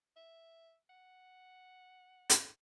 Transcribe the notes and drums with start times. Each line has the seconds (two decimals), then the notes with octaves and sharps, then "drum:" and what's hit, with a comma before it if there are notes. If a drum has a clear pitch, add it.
0.16 E5
0.89 F#5
2.30 drum: hi-hat